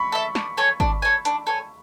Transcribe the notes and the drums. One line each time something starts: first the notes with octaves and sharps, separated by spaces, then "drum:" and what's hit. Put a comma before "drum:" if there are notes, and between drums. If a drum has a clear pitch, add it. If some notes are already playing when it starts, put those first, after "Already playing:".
Already playing: B5 C#6
A4 E5
D4, drum: snare
A4 C#5 G#5
D4, drum: kick
A4 C#5 G#5
D4, drum: hi-hat
A4 C#5 G#5